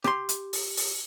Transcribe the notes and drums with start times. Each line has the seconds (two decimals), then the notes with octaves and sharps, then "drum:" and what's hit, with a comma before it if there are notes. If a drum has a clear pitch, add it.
0.04 G4 C6, drum: rim click
0.29 drum: hi-hat
0.53 drum: open hi-hat
0.77 drum: open hi-hat